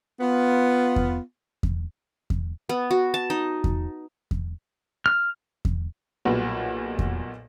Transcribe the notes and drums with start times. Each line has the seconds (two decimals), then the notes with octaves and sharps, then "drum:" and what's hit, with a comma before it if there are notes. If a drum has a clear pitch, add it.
0.21 B3 F4
0.96 drum: kick E2
1.63 drum: kick E2
2.30 drum: kick E2
2.69 B3
2.91 F#4
3.14 A5
3.30 D#4
3.64 drum: kick E2
4.31 drum: kick E2
5.06 F6
5.65 drum: kick E2
6.25 B1 A#2 G3 F#4 B4
6.99 drum: kick E2